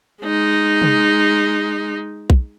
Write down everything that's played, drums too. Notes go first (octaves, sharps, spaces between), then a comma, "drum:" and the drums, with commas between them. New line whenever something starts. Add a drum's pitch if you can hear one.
G#3 D#4
drum: tom C3
drum: kick B1